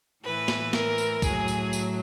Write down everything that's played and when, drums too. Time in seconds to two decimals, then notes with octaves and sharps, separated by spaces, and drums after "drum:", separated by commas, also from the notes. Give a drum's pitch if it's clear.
0.23 A2 E3 B4
0.48 drum: snare
0.73 A#4, drum: snare
0.98 drum: tambourine
1.22 A2 F#3 G#4, drum: kick, tambourine
1.48 drum: tambourine
1.73 drum: tambourine